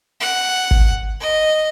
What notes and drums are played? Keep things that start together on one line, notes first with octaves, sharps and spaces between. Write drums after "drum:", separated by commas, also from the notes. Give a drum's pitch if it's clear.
F#5
drum: kick G1
D#5